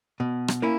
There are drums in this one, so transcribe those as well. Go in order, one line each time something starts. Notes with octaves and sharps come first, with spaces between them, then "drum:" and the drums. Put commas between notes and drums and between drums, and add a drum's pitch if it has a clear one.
B2
drum: rim click
A#3 C#4 E4